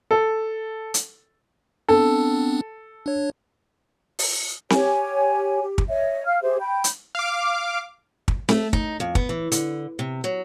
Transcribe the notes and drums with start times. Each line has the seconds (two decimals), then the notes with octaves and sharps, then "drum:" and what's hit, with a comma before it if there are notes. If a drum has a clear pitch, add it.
0.11 A4
0.94 drum: hi-hat
1.89 B3 C4 D4 A4
3.06 D4 C#5
4.19 drum: open hi-hat
4.70 G4 C#5 G#5, drum: snare C4
5.61 G4
5.78 drum: kick
5.88 C#5 D#5 E5
6.26 F5 F6
6.42 G4 G#4 C5 E5
6.60 G5 B5 G6
6.84 drum: hi-hat
7.15 F5 D6
8.28 drum: kick
8.49 A3, drum: snare C4
8.73 D#4, drum: kick
9.00 F2
9.15 B3, drum: kick
9.29 E3
9.52 D3, drum: hi-hat
9.99 C3
10.24 F#3